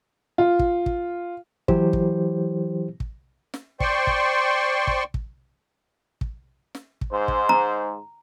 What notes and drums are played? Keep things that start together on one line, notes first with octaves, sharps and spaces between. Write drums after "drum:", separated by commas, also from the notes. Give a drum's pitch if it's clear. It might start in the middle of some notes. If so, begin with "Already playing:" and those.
F4
drum: kick
drum: kick
E3 F#3 E4 G4 C5, drum: kick
drum: kick
drum: kick
drum: snare
C5 D5 G5 C6 C#6, drum: kick
drum: kick
drum: kick
drum: kick
drum: kick
drum: snare
drum: kick
G#2 C5
drum: kick
A#5